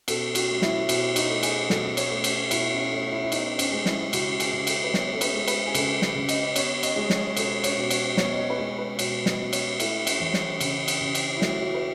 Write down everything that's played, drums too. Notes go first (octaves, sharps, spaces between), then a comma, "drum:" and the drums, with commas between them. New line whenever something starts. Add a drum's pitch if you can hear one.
B2 A4, drum: cymbal
F#4, drum: cymbal
A3
E4, drum: snare
B2, drum: cymbal
D#4, drum: cymbal
A3
G#4, drum: cymbal
B2 A4, drum: snare
C#5, drum: cymbal
A3
drum: cymbal
B2 E4, drum: cymbal
C#4
A3 C#4
E4
E4
B3 D#4, drum: cymbal
C#4, drum: cymbal
G#3
E4, drum: snare
C#3 F#4, drum: cymbal
G#4, drum: cymbal
C#3
A4, drum: cymbal
B4
B3 C#5, drum: snare
A4
B4, drum: cymbal
G#3
B4, drum: cymbal
G#4
C#3 A4, drum: cymbal
drum: snare
C#3
D#5, drum: cymbal
B3 C#5, drum: cymbal
D#5, drum: cymbal
G#3 D#5
C#5, drum: snare
B2 A4, drum: cymbal
C#5, drum: cymbal
B2
C#5, drum: cymbal
B3 C#5, drum: snare
D#5
C#5
B4
G#3 C#5
B4
B2 C#5, drum: cymbal
D#5, drum: snare
B2
C#5, drum: cymbal
A3 E4, drum: cymbal
drum: cymbal
E3
drum: snare
C#3, drum: cymbal
drum: cymbal
C#3
drum: cymbal
E4
A3 F#4, drum: snare
F#4
B4